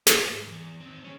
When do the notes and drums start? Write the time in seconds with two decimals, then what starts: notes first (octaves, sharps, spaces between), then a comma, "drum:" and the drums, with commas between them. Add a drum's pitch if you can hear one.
0.07 C4 D5, drum: snare
0.26 G#2
0.47 E2
0.80 D#3 C4
1.04 C#4 G#4